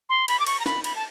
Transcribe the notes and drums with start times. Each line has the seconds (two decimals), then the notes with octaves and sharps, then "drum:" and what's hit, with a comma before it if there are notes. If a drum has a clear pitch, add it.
0.09 C6
0.28 B5, drum: cymbal
0.39 D6
0.46 C#6, drum: cymbal
0.60 A#5
0.66 B5, drum: snare
0.84 B5, drum: cymbal
0.96 A5